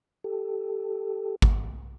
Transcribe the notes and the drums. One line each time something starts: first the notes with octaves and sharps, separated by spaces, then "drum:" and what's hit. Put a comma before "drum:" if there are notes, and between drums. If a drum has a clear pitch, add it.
G4 A4
drum: kick G#1